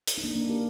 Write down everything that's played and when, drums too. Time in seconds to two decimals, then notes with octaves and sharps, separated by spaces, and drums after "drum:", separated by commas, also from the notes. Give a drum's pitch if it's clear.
0.07 drum: hi-hat
0.18 D#4
0.24 A#3 D4
0.36 A#3 D4
0.49 G4 A#4